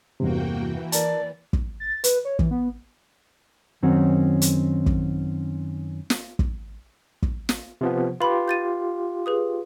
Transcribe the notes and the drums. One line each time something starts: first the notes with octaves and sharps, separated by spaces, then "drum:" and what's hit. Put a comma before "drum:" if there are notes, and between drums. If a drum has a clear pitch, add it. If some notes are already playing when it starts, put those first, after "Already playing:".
E2 G2 C3 A#3 F#4 G5
E3
A#4 D5 A5, drum: hi-hat
drum: kick
A6
B4, drum: hi-hat
C#5
E3, drum: kick
B3
F#2 D#3 C4 C#4 D#4 F#4
drum: hi-hat
drum: kick
drum: snare
drum: kick
drum: kick
drum: snare
C3 F3 B3
F4 G4 B4 B5
G6 A6 D#7
G#4 B4 D#6